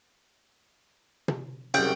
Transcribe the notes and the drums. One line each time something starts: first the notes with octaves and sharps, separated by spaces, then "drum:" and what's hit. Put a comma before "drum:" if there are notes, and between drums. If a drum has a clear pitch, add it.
drum: tom
C2 F#2 C#3 G5, drum: cymbal